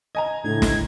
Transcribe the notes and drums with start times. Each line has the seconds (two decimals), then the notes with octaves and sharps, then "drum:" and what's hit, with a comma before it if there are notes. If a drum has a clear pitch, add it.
0.15 D#5 G#5 A#5 G#6
0.44 C#2 A2 D3 G#6
0.62 drum: snare